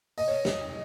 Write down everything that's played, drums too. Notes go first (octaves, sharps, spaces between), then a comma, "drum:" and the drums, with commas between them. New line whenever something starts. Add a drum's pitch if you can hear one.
D#5, drum: open hi-hat
C#5
drum: snare